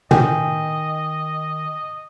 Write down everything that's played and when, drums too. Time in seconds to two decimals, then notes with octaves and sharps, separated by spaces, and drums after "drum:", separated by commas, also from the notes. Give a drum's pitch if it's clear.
0.11 D#3 D#5 G5 G#5, drum: tom